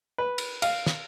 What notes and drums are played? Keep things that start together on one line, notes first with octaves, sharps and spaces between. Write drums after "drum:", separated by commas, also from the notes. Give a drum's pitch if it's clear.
B4
drum: cymbal
F5, drum: cymbal
drum: snare